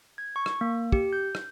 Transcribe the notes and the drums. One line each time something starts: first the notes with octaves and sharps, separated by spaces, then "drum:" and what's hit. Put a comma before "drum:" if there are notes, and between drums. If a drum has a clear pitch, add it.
G#6
C#6
drum: rim click
A#3
G4, drum: kick
G6
drum: rim click